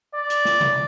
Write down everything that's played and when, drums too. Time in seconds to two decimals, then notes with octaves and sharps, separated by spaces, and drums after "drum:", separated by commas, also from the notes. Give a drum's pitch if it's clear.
0.15 D5
0.30 drum: hi-hat
0.45 drum: snare
0.61 drum: tom B2